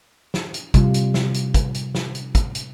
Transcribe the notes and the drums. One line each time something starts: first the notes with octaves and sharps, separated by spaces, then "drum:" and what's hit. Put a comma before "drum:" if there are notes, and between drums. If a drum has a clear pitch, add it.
drum: snare
drum: hi-hat
C3 G3 F4, drum: kick, hi-hat
drum: hi-hat
drum: snare
drum: hi-hat
drum: kick, hi-hat
drum: hi-hat
drum: snare
drum: hi-hat
drum: kick, hi-hat
drum: hi-hat